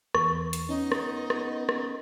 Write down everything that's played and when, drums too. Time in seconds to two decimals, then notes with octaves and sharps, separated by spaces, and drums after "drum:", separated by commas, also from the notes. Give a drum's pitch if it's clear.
0.15 E2 C#6, drum: rim click
0.53 drum: hi-hat
0.69 B3 C#4 D#4
0.92 drum: rim click
1.30 drum: rim click
1.69 drum: rim click